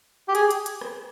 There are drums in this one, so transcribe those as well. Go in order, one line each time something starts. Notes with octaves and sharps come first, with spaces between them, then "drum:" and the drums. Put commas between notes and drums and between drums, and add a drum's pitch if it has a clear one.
G4
G#4, drum: hi-hat
drum: hi-hat
drum: hi-hat
drum: rim click